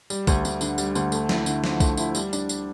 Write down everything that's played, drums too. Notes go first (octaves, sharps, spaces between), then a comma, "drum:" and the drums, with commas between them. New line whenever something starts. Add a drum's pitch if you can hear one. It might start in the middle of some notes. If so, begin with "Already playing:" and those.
G3, drum: tambourine
D2, drum: kick, tambourine
D2, drum: tambourine
D3, drum: tambourine
G3, drum: tambourine
D2, drum: tambourine
A3, drum: tambourine
E4, drum: snare
D3, drum: tambourine
F3, drum: snare
A3, drum: kick, tambourine
E4, drum: tambourine
G3, drum: tambourine
D4, drum: tambourine
drum: tambourine